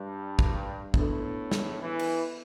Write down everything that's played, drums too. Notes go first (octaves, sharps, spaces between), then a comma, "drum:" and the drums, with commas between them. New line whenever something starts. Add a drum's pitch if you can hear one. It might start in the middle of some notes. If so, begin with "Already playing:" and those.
Already playing: G2 G3
drum: kick
A2 B3 D4 A4, drum: kick
drum: snare
E3
drum: cymbal